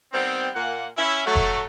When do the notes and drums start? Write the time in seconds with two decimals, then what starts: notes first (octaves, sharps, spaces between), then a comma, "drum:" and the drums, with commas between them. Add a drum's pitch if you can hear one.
0.12 D#3 G3 B3 C4
0.54 A#2 A#3 F#5
0.97 C#4 E4
1.25 F#3 A3
1.35 drum: kick F1